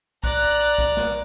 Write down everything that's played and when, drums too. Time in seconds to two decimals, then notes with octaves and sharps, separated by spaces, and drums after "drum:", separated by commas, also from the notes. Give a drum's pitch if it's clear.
0.24 D5 A#5 F#6, drum: kick A#1, hi-hat
0.42 drum: hi-hat
0.60 drum: hi-hat
0.78 drum: kick A#1, hi-hat
0.97 drum: snare